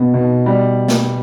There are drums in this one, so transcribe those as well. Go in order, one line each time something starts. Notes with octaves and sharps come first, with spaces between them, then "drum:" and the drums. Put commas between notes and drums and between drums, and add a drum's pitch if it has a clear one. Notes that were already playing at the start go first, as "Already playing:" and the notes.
Already playing: B2 B3
B2
G3
drum: snare